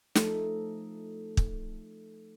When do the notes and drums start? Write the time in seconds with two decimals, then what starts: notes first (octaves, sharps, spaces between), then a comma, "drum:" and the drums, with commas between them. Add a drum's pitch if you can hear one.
0.15 F3 A3 D#4 A4, drum: snare
1.37 drum: kick